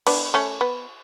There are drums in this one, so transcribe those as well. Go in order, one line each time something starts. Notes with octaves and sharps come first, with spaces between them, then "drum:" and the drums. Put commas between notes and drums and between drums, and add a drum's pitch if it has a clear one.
B3 D4, drum: cymbal
A3 C#4
B3